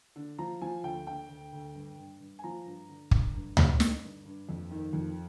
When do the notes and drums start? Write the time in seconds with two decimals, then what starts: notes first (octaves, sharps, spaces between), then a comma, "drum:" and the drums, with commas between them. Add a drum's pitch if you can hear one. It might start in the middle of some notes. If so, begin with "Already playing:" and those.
0.16 D3
0.38 F3 A#5
0.61 F3 G#5
0.83 D2 G5
1.06 D3 G5
1.29 D2
1.53 D2
1.75 G2
1.97 G2
2.20 G2
2.39 G#5
2.43 F3 A#5
2.66 G2
2.89 D3
3.11 D3, drum: kick
3.34 G2
3.57 D3, drum: tom D2
3.80 D3, drum: snare
4.02 G2
4.26 G2
4.49 F2
4.71 D#3
4.93 F2